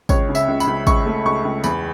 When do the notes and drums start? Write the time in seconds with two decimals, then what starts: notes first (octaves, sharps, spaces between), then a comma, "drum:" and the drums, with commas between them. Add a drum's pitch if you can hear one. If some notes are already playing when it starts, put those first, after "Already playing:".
0.09 C#2 C#5, drum: kick, tambourine
0.29 C#3
0.35 E5, drum: tambourine
0.48 C#2
0.60 B5, drum: tambourine
0.67 C#2
0.87 C#2 C#6, drum: kick, tambourine
1.06 A3
1.25 C#2 C#6
1.45 C#2
1.64 E2 B5, drum: tambourine